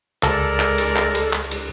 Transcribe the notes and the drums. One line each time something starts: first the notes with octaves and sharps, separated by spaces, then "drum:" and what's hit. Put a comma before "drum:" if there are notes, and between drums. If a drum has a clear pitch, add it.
C#2 G#3 A4 A#4 D5, drum: clap
drum: clap
drum: cymbal
drum: clap
drum: cymbal
drum: clap
drum: cymbal